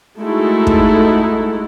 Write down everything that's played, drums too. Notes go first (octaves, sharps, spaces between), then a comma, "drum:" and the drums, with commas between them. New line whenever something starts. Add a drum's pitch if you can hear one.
G#3 A3 D#4 E4 F#4 A4
drum: kick